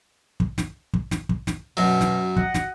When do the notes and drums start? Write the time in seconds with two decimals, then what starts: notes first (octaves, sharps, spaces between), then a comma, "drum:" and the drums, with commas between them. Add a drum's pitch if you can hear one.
0.40 drum: kick
0.58 drum: snare
0.93 drum: kick
1.11 drum: snare
1.29 drum: kick
1.47 drum: snare
1.77 F#2 B2 F#3
2.01 drum: snare
2.37 F#4 D#5 F#5, drum: kick
2.54 drum: snare